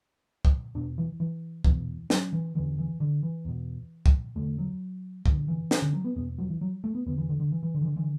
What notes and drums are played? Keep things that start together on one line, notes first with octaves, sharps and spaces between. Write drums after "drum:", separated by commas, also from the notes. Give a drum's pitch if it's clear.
drum: kick
E2 B2 D4
E3
E3
E2 B2 E3, drum: kick
F#3, drum: snare
E3
E2 D3 E3
E3
D3
E3
E2 B2
drum: kick
E2 D3 A3
F#3
F#2 D3, drum: kick
E3
drum: snare
D3
F#3
B3
E2 B2 B3
F#3
E3
F#3
A3
B3
E2 D3 B3
E3
D3
D3
E3
E3
D3
E3
D3
D3 E3